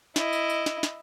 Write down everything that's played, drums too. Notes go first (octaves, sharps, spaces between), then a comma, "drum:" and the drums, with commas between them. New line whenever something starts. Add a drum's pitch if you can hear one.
E4 D#5, drum: snare
drum: tambourine
drum: tambourine
drum: snare
drum: snare